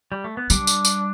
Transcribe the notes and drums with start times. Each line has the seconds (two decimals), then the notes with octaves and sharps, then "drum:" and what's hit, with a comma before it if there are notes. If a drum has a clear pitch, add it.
0.12 G3
0.24 A3
0.37 B3
0.50 G3 D4, drum: tambourine
0.67 drum: tambourine
0.85 drum: tambourine